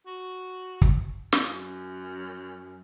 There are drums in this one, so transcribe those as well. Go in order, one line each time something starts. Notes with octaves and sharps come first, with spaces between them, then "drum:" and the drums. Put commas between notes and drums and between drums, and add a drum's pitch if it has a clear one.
F#4
drum: kick
F#2, drum: snare